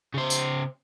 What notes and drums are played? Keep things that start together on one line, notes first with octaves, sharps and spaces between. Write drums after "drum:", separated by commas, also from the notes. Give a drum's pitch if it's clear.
C#3 C5
drum: tambourine